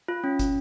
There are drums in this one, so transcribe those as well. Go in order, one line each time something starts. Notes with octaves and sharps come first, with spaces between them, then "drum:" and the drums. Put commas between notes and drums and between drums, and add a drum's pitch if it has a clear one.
F4
C#4
drum: kick, hi-hat